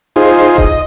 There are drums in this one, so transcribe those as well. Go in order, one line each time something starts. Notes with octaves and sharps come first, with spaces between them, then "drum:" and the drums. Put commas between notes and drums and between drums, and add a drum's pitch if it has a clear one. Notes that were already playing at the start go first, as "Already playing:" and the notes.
D#4 F4 G#4 C5
D#5, drum: kick D#1